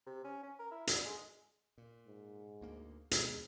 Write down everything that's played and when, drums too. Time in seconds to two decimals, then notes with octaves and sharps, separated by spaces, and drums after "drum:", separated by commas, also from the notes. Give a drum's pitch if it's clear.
0.07 C3
0.24 C#4
0.43 C#4
0.59 A#4
0.71 E4
0.87 D3, drum: hi-hat
1.05 G#3
1.78 A#2
2.07 G#2
2.61 D2 A#3
3.11 D#2 B2 G#3, drum: hi-hat